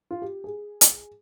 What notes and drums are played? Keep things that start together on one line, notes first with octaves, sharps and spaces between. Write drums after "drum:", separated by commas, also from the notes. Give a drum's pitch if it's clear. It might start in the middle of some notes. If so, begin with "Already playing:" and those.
F4
G4
G#4
drum: hi-hat